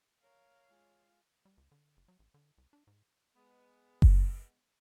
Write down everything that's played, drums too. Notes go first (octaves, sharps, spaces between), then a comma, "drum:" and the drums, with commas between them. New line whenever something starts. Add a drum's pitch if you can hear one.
A#4 C#5 F5
G#3 F4
G3
C#2
D3
F#1
F#3
A1
D3
C2
D4
G#2
G#3 B3
drum: kick F#1